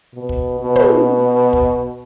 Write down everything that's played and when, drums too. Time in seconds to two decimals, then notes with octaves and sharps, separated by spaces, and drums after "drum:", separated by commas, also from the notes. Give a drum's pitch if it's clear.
0.14 B2
0.29 drum: kick
0.60 B2
0.76 drum: tom
1.53 drum: kick